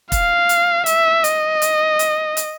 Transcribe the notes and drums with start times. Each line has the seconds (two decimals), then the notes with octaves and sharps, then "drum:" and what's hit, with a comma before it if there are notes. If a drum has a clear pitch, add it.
0.12 F5, drum: kick, hi-hat
0.49 drum: hi-hat
0.86 E5, drum: hi-hat
1.24 D#5, drum: hi-hat
1.62 drum: hi-hat
1.99 drum: hi-hat
2.37 drum: hi-hat